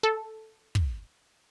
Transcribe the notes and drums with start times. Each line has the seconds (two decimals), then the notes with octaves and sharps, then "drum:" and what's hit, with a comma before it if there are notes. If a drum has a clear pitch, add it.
0.03 A4
0.75 drum: kick